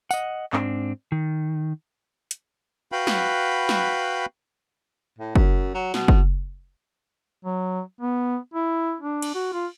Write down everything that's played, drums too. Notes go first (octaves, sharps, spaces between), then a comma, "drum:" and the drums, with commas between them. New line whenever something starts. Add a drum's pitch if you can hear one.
D#5 F#5, drum: tambourine
G#2 C4 D4, drum: clap
D#3
drum: hi-hat
F#4 B4 F5 G5 B5
drum: snare
drum: snare
A2
F#2, drum: kick F#1
F#3
B2, drum: snare
drum: kick F#1
F#3
B3
E4
D4
drum: cymbal
F#4
F4